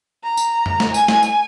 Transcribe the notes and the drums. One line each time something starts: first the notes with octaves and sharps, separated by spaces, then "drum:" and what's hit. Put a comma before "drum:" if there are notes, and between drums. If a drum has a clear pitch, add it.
A#5
drum: tambourine
drum: tom
drum: snare
G#5, drum: tambourine
drum: snare
drum: tambourine